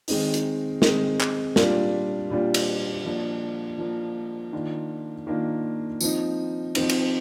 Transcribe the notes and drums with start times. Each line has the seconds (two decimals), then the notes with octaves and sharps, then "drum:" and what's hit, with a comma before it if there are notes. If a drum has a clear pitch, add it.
0.08 D#3 G#3 C4 D#4, drum: open hi-hat
0.34 drum: hi-hat
0.82 D#3 G#3 C4 D#4, drum: snare
1.21 drum: clap
1.56 A#2 G3 D4 F4, drum: snare
2.30 A#2 G3 D4 F4
2.54 drum: cymbal
3.05 F3 A#3 D4
3.78 F3 A#3 D4
4.52 D#3 A#3 D4 F4
5.27 D#3 A#3 D4 F4
6.00 F3 C4 D#4, drum: tambourine
6.75 F3 C4 D#4, drum: cymbal
6.89 drum: cymbal